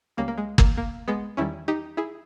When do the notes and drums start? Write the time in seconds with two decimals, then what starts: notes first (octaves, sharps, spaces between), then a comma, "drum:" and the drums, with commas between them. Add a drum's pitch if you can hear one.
0.17 C#2 C#3 G3 A#3
0.28 A#3
0.38 G#3
0.58 A#3, drum: kick
0.78 A#3
1.08 G#3 B3
1.37 E2 D#3 G3 C#4 E4
1.68 D#4 G4
1.97 E4 G#4